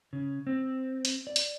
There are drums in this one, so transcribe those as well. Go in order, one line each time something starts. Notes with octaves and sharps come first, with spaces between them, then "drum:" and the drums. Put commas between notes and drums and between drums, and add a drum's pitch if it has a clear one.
C#3
C4
drum: hi-hat
D5
drum: hi-hat